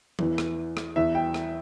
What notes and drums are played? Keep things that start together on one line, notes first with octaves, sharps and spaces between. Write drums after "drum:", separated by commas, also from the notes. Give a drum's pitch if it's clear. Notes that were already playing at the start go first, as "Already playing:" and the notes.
E2 E3, drum: tom F3
drum: rim click
drum: rim click
E2 E3 E5
G5
drum: rim click